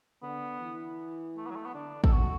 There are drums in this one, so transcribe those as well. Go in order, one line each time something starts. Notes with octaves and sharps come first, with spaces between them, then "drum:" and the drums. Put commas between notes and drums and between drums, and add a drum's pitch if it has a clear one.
D3 B3
E3
A3
B3
F#3
A3
B3
D3 D4
A4, drum: kick
F#4